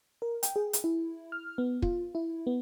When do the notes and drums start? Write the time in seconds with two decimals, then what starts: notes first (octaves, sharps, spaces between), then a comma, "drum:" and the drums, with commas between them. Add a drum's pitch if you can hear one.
0.22 A#4
0.43 G5, drum: hi-hat
0.56 G#4
0.73 drum: hi-hat
0.84 E4
1.32 F6
1.58 B3
1.82 F4, drum: kick
2.15 E4
2.47 B3